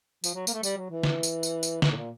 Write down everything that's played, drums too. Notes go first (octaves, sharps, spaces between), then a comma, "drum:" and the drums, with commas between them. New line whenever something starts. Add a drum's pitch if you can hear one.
F3, drum: tambourine
F#3
A#3, drum: tambourine
A3
G3, drum: tambourine
F#3
E3
drum: snare
drum: tambourine
drum: tambourine
drum: tambourine
E3, drum: snare
A2
A#2